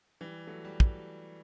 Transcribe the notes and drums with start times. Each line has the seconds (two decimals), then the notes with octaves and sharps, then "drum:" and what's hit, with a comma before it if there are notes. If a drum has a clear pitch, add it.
0.21 E3 G3
0.47 F#3 A3
0.65 G3
0.80 drum: kick